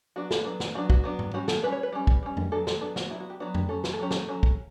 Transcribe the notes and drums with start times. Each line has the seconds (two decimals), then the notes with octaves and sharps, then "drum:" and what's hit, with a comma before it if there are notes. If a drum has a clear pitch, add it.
0.16 F#3 B3 D4 F#4
0.31 A4, drum: snare
0.45 F#3 B3 D4
0.60 drum: snare
0.75 F#3 B3 D4 F#4
0.90 F#4, drum: kick
1.04 F#3 B3 D4
1.19 drum: tom G#2
1.34 G3 C#4 F#4
1.48 A4, drum: snare
1.63 G3 C#4 B4
1.72 C#5
1.83 B4
1.92 G3 C#4
2.07 drum: kick
2.23 G3 C#4
2.37 drum: tom F2
2.52 F#3 B3 D4 A4
2.67 A4, drum: snare
2.81 F#3 B3 D4 A4
2.96 F#4, drum: snare
3.10 F#3 B3 D4 E4
3.20 F#4
3.30 G4
3.40 F#3 B3 D4 F#4
3.54 G4, drum: tom F2
3.69 F#3 C#4 A4
3.84 B4, drum: snare
3.93 A4
3.99 F#3 C#4 G4
4.11 A4, drum: snare
4.29 F#3 C#4
4.43 drum: kick